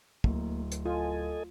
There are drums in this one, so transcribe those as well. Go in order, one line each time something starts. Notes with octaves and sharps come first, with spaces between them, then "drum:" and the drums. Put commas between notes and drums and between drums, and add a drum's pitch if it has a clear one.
D1 A#3, drum: kick
drum: hi-hat
F4 A4 D#5 G#5